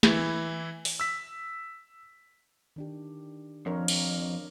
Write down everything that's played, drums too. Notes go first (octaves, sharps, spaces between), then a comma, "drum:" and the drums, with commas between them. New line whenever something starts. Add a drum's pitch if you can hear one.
E3 E4, drum: snare
drum: open hi-hat
E6 B6
D#3 D4 G4
F2 D4 A#4 C#5
drum: cymbal